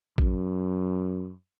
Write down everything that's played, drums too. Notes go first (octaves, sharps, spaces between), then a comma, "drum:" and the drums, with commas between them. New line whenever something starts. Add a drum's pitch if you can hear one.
F#2, drum: kick A1